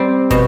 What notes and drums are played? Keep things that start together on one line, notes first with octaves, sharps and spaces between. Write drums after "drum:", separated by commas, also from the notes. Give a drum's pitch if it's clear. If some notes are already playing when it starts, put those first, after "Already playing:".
Already playing: G3 C4 C5
B2, drum: kick, hi-hat